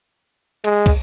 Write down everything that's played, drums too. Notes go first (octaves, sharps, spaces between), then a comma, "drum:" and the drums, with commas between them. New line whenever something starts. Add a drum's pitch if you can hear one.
G#3, drum: cymbal
drum: kick, cymbal